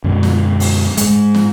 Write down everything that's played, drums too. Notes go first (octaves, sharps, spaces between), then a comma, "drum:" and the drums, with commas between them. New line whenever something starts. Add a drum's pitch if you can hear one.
F#2 B2 D3 G#3
drum: snare
drum: open hi-hat
G#2 G#3, drum: hi-hat
drum: snare